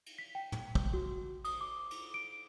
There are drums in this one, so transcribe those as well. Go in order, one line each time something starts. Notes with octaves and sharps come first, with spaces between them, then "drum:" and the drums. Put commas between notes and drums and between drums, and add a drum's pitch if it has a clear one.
drum: cymbal
B6
G5
drum: tom
drum: kick
F#4
D#6, drum: cymbal
D6
drum: cymbal
D7